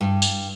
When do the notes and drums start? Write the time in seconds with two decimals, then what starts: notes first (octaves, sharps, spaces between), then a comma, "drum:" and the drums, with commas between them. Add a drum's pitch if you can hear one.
0.01 G2
0.22 drum: tambourine